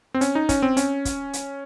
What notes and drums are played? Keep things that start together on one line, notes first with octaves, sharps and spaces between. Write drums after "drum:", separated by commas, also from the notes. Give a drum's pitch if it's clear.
C4
C#4, drum: hi-hat
D#4
C#4, drum: kick, hi-hat
C4
C#4, drum: hi-hat
drum: kick, hi-hat
drum: hi-hat